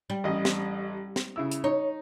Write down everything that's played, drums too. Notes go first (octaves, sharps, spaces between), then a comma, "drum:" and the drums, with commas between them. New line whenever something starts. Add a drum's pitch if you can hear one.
G3
A1 D#5
drum: snare
drum: snare
C#3 E4 E6
drum: hi-hat
D#4 C#5